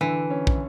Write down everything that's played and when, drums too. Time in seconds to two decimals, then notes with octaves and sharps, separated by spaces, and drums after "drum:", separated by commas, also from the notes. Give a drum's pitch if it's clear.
0.01 D3 E3
0.30 C#4
0.47 drum: kick